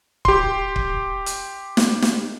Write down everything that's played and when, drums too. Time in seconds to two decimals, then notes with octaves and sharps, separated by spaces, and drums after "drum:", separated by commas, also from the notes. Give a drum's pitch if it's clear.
0.25 G4 C6, drum: kick C#1
0.76 drum: kick C#1
1.26 drum: hi-hat
1.77 drum: snare
2.02 drum: snare